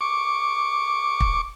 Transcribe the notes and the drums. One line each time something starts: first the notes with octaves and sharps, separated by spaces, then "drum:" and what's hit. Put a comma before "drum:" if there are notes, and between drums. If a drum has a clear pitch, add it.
C#6 D6
drum: kick